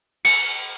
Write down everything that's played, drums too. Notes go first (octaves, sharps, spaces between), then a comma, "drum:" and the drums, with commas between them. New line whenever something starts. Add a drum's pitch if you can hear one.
C#7, drum: cymbal